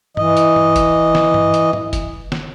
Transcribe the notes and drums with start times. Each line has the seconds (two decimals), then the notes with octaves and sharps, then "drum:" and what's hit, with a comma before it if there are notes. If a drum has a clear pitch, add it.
0.17 E3 D#5, drum: tom G2
0.37 drum: hi-hat
0.56 drum: tom G2
0.76 drum: kick F1, hi-hat
1.15 drum: snare
1.34 drum: tom G2
1.54 drum: hi-hat
1.73 drum: tom G#2
1.93 drum: kick F1, hi-hat
2.32 drum: snare